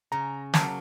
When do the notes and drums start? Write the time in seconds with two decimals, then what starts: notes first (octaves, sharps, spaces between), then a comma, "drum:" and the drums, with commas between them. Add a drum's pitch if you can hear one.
0.12 C#3 A#5
0.54 F#3 A#3 A5, drum: snare